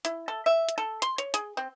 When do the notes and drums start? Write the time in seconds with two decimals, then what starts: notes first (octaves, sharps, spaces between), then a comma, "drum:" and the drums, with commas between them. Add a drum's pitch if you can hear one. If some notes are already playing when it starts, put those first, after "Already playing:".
0.05 E4, drum: hi-hat
0.28 A4
0.46 E5
0.69 drum: hi-hat
0.78 A4
1.02 C6, drum: hi-hat
1.18 C#5, drum: hi-hat
1.34 G#4, drum: hi-hat
1.57 C4